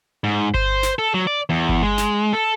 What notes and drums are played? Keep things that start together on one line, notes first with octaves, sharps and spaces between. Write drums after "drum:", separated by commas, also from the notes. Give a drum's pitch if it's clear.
G#2
C5, drum: kick G1
drum: snare
A4
F#3
D5
E2
drum: kick G1
G#3
drum: snare
A4